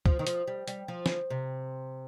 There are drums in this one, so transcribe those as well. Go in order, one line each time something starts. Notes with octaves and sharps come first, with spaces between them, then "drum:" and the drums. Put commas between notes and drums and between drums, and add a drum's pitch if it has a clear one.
F3, drum: kick
D#3
F3, drum: hi-hat
G3
G3, drum: hi-hat
F3
drum: snare
C3